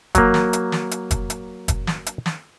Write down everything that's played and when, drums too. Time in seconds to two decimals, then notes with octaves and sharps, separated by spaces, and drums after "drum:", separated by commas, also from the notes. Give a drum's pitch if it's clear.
0.15 F#3 A#3, drum: kick, hi-hat
0.34 drum: snare
0.53 drum: hi-hat
0.72 drum: snare
0.91 drum: hi-hat
1.11 drum: kick, hi-hat
1.30 drum: hi-hat
1.68 drum: kick, hi-hat
1.87 drum: snare
2.06 drum: hi-hat
2.26 drum: snare